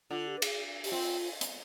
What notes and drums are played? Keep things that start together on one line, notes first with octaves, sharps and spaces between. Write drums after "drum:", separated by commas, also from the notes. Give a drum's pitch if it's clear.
D3 F4
G4
B4
G#4, drum: cymbal
G4, drum: open hi-hat
C4 F4
drum: hi-hat